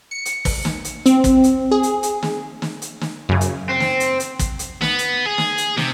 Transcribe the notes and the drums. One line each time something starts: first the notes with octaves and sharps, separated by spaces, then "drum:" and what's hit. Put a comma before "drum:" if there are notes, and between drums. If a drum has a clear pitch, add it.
C#7
drum: hi-hat
drum: kick, open hi-hat
drum: snare
drum: hi-hat
C4, drum: hi-hat
drum: kick, hi-hat
drum: hi-hat
G#4
drum: hi-hat
drum: hi-hat
drum: snare
drum: snare
drum: hi-hat
drum: snare
F#2 C#3
drum: hi-hat
C4
drum: snare
drum: hi-hat
drum: hi-hat
drum: kick, hi-hat
drum: hi-hat
B3, drum: snare
drum: hi-hat
G#4
drum: snare
drum: hi-hat
C3, drum: snare